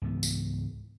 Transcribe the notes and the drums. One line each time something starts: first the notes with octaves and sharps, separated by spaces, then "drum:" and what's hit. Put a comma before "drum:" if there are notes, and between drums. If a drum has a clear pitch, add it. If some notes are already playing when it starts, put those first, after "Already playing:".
C#2 G#2 E3 B3
drum: tambourine